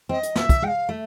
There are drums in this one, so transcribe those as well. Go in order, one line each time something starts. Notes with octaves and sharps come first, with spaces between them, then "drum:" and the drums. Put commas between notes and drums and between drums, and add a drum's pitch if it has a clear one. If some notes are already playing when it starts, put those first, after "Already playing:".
C4 D#5
drum: hi-hat
A#3 E5, drum: snare
drum: kick, hi-hat
G#3 G5
F5
A3 E5